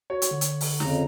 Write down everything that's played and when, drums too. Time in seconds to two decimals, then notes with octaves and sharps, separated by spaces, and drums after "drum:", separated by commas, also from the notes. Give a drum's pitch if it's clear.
0.10 F#4 C#5
0.22 drum: hi-hat
0.31 D3
0.41 drum: hi-hat
0.61 drum: open hi-hat
0.80 F2 C#3 A#5, drum: snare